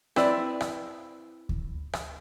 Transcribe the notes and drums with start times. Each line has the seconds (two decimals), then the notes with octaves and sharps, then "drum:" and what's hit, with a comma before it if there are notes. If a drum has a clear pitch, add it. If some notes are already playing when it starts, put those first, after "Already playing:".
0.16 C4 E4 B4 D5, drum: rim click
0.61 drum: rim click
1.49 drum: kick D2
1.93 drum: rim click